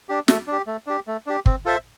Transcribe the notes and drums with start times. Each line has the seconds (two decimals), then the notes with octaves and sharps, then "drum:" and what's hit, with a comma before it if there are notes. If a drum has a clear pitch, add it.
0.09 D4 G4
0.28 A3, drum: snare
0.47 D4
0.52 G4
0.67 A3
0.87 D4 G4
1.07 A3
1.26 D4 G4
1.46 C4, drum: kick
1.65 F4 A4 C5 E5